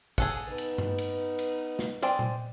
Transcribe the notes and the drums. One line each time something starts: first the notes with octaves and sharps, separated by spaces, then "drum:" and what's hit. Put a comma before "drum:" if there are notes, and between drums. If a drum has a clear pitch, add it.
G#4 A4 F#5, drum: kick, cymbal
B3 D#4 B4
drum: cymbal
drum: tom G2
drum: cymbal
drum: cymbal
drum: snare
G#3 C4 D5
drum: tom A#2